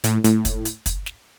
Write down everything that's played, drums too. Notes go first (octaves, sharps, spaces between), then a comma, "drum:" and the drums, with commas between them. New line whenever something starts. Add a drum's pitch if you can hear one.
A2, drum: hi-hat
A2, drum: hi-hat
drum: kick, hi-hat
drum: hi-hat
drum: kick, hi-hat
drum: snare